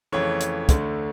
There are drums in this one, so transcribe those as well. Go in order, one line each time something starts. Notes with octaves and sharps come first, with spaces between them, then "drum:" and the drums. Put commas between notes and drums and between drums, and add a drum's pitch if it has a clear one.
F2 C#3 E3 A3 C#5
drum: hi-hat
D2 D3 A3, drum: kick, hi-hat